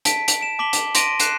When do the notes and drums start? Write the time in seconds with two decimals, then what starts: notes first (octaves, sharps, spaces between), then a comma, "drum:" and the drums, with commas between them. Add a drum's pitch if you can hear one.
0.05 A5 B6 D7, drum: hi-hat
0.28 drum: hi-hat
0.41 D7 E7
0.59 A5 D6 B6 F#7 G7
0.73 drum: hi-hat
0.95 C6 A#6 D7 D#7, drum: hi-hat
1.20 F#6 C7 E7, drum: hi-hat